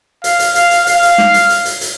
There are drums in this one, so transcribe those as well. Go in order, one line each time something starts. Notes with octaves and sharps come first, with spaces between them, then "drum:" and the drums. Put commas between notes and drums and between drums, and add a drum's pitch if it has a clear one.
F5, drum: hi-hat
drum: hi-hat
F5, drum: hi-hat
drum: hi-hat
F5, drum: hi-hat
drum: hi-hat
drum: snare
drum: hi-hat
drum: hi-hat
drum: hi-hat
drum: hi-hat